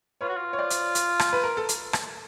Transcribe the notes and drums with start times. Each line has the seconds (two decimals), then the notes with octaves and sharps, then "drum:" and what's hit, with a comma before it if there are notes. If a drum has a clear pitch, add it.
0.21 F4 B4 C#5
0.29 F#4
0.36 F4
0.53 C#5
0.59 C5 D5
0.70 drum: hi-hat
0.95 drum: hi-hat
1.19 drum: rim click
1.33 B4
1.44 A#4
1.57 A4
1.69 drum: hi-hat
1.93 drum: rim click